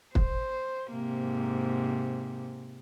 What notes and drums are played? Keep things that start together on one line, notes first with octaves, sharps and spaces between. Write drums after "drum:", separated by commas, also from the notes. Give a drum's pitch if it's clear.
C5, drum: kick
G#2 C3 A#3